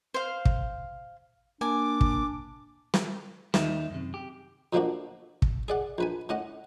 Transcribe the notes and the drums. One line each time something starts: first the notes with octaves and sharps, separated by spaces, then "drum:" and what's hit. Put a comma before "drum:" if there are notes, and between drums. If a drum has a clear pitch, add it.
C5 F5
drum: kick
A#3 D4 G#5 D6
drum: kick
drum: snare
D#2 D#4 E5, drum: snare
F#2 C3
G4
F2 B2 F3 A#3 D4 F#4
drum: kick
G#4 D5 F#5
A#1 B4 G#5
A2 C#4 D#5 F#5